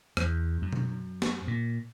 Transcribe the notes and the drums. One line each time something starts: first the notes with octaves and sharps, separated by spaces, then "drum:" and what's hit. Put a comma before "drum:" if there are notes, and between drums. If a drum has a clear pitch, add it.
E2, drum: rim click
F#2
drum: tom B2
drum: snare
A#2